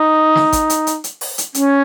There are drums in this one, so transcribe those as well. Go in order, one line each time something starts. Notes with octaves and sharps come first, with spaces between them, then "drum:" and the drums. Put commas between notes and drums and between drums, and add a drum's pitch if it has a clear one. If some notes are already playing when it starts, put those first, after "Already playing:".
Already playing: D#4
drum: snare
drum: kick, hi-hat
drum: hi-hat
drum: hi-hat
drum: hi-hat
drum: open hi-hat
drum: hi-hat
C#4, drum: hi-hat